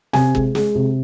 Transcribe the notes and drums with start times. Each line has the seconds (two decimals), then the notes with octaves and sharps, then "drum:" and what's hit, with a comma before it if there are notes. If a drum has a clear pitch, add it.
0.13 C3 G#5, drum: snare
0.35 G#3, drum: kick
0.55 G#3, drum: snare
0.75 C3